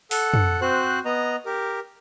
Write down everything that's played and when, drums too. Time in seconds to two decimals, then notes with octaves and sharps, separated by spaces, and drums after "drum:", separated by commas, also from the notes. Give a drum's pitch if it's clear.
0.11 A4 F#5, drum: open hi-hat
0.34 drum: tom
0.61 C4 F#4 C5 F#6
1.05 B3 D#5 A#5
1.46 G4 A#4